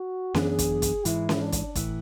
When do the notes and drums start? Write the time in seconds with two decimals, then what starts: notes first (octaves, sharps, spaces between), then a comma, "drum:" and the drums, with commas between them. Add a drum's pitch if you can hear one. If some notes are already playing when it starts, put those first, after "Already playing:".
Already playing: F#4
0.34 F#2 E3 B3 D4 G#4, drum: snare C#4
0.59 drum: kick, hi-hat
0.82 drum: kick, hi-hat
1.05 G#2 E3 G#3 E4, drum: hi-hat
1.29 drum: snare C#4
1.40 D4
1.52 drum: kick, hi-hat
1.75 A2 E3, drum: kick, hi-hat